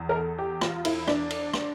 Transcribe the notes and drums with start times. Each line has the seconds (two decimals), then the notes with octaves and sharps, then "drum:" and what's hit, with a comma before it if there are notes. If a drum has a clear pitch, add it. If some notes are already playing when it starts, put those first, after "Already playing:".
Already playing: E2
0.09 A#4
0.15 A4
0.38 G4
0.61 F4, drum: rim click
0.85 E4, drum: cymbal
1.08 D4, drum: rim click
1.31 drum: cymbal
1.54 drum: rim click